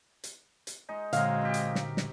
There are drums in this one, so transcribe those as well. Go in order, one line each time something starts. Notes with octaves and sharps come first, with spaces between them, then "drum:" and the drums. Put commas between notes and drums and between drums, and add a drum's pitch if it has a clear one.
drum: hi-hat
drum: hi-hat
G#3 D#4
A#2 D3 F#3 G#3 C4 A#4 F5, drum: hi-hat
C4 G4
drum: hi-hat
drum: snare
drum: snare